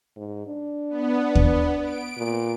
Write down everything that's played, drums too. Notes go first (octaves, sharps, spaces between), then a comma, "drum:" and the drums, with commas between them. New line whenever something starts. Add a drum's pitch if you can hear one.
G#2
D4
B3
drum: kick D#2
D7
A#2